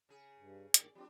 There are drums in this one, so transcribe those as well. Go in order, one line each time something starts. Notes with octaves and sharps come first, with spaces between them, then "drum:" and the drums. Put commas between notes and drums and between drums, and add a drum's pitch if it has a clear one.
C#3 G#4
G2
G2 A#2 D#3 D5, drum: hi-hat
F#3 C4 D4 F4 G4